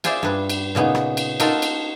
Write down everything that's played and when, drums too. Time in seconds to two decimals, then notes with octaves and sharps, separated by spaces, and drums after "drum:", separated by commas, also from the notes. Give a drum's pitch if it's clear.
0.04 F4 G#4 C5 D5 E5, drum: cymbal
0.23 G2 B4
0.50 drum: cymbal
0.75 A#2 C#3 B3 D#4
0.95 drum: rim click
1.17 drum: cymbal
1.40 D#4 F4 F#4 A4 A#4, drum: cymbal
1.62 drum: cymbal